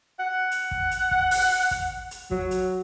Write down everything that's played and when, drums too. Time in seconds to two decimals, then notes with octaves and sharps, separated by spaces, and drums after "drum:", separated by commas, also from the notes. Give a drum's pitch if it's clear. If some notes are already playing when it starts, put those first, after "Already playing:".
0.20 F#5
0.51 drum: hi-hat
0.71 drum: kick
0.91 drum: hi-hat
1.11 drum: kick
1.31 drum: open hi-hat
1.71 drum: kick, hi-hat
2.11 drum: hi-hat
2.31 F#3, drum: kick
2.51 drum: hi-hat